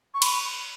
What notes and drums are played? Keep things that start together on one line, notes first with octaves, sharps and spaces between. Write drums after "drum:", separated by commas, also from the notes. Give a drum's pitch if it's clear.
C#6
B5, drum: cymbal